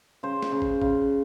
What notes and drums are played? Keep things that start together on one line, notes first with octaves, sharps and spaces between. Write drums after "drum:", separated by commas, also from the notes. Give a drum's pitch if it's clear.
C#3 C5
drum: snare
C#3
drum: kick
C#3, drum: kick